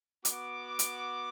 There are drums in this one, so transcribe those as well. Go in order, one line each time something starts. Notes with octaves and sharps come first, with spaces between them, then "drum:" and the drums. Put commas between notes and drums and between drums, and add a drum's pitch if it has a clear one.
B3 F#4 D6, drum: hi-hat
drum: hi-hat